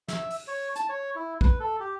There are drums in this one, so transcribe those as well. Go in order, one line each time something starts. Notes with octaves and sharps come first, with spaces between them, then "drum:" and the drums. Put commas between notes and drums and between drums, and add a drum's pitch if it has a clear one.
E5, drum: snare
drum: open hi-hat
C#5
A5, drum: hi-hat
C#5
E4
B4, drum: kick
A4
G4